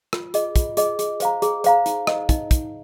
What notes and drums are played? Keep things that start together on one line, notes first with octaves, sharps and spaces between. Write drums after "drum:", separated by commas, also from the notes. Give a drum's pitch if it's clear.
F4, drum: rim click
G#4 D#5, drum: hi-hat
F4, drum: kick, hi-hat
G#4 D#5, drum: hi-hat
G#4, drum: hi-hat
C5 F5 A#5, drum: hi-hat
G#4, drum: hi-hat
C5 F5 A#5, drum: hi-hat
D#4, drum: hi-hat
C5 D#5, drum: rim click
D#4, drum: kick, hi-hat
drum: kick, hi-hat